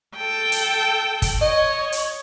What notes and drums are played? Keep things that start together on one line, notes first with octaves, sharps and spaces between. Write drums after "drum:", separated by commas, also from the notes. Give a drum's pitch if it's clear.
A4 G5
drum: hi-hat
drum: kick, hi-hat
C#5 D#5
drum: hi-hat